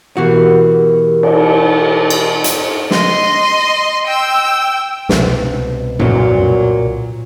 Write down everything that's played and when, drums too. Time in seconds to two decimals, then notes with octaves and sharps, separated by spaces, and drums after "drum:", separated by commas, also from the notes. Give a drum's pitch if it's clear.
0.17 B2 E3 F#4 G4 A#4
1.23 drum: cymbal
2.10 drum: cymbal
2.44 drum: hi-hat
2.91 D#5 C6, drum: snare
4.06 G5 E6
5.09 C2 B2, drum: snare
6.00 A#2 F#3, drum: tom F#2